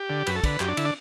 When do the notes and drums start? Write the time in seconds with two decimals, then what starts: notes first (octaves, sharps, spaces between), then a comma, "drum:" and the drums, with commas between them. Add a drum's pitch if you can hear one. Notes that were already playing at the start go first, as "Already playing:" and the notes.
Already playing: G4
0.10 D3
0.27 F#2 B4, drum: cymbal
0.36 A4
0.44 D3 B4, drum: kick, cymbal
0.60 F#2 G4, drum: clap
0.68 D4
0.77 D3 E4, drum: cymbal
0.85 D4